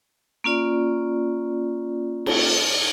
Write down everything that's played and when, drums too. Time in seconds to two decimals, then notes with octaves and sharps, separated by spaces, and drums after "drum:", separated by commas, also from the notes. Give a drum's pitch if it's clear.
0.44 A#3 C#4 F4 D5
2.26 drum: cymbal